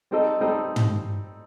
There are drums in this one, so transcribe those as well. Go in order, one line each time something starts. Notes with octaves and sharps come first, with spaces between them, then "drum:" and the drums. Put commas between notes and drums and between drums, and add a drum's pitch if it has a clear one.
G3 C4 D#4 A4 D#5
G3 C4 D#4 A4 D#5
drum: tom